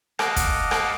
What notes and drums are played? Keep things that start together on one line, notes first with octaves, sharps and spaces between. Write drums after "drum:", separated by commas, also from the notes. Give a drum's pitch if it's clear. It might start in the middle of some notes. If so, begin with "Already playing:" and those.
D#5 F5 F#5 A5 D6, drum: rim click
drum: kick, hi-hat
drum: rim click